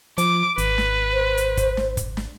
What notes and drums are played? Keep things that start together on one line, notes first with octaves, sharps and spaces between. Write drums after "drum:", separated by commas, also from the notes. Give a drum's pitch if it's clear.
F3 D6, drum: hi-hat
G#1 B4, drum: hi-hat
drum: snare
C5
drum: hi-hat
drum: kick, hi-hat
drum: snare
drum: kick, hi-hat
drum: snare